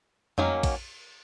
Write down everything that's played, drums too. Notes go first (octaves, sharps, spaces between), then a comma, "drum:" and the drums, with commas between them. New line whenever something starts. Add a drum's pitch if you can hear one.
D#3 F#3 A#3 C#4, drum: tom F2
drum: kick A#1, cymbal